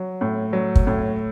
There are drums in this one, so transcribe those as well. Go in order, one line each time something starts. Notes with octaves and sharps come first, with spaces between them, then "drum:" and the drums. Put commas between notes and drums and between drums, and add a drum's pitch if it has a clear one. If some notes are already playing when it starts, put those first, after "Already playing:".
Already playing: F#3
A2
F#3
drum: kick
A2